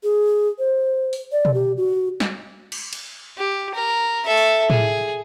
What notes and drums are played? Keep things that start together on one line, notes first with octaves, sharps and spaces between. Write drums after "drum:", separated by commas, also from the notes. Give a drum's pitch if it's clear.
G#4
C5
drum: open hi-hat
D5
drum: tom B2
G4
F#4
drum: snare
drum: cymbal
drum: cymbal
G4
A#4
A4 E5
drum: open hi-hat
G#4, drum: tom A2